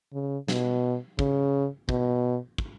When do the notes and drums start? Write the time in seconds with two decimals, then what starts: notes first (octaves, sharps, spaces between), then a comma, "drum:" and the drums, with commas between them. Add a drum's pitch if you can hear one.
0.13 C#3
0.48 B2, drum: snare
1.19 C#3, drum: kick
1.89 B2, drum: kick
2.58 drum: kick